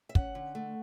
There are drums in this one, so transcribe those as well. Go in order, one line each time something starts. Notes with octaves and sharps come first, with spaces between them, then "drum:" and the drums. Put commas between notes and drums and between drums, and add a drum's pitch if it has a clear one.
E5
C#4 F#5, drum: kick
D3
A3